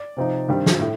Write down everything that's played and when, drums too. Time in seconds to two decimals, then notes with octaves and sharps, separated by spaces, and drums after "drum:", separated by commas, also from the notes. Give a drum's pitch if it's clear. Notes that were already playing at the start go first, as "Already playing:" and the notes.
Already playing: D5
0.17 C3 F3 C4 D#4
0.48 G2 D#3 G3 C4 D#4
0.66 drum: snare
0.80 A2 A3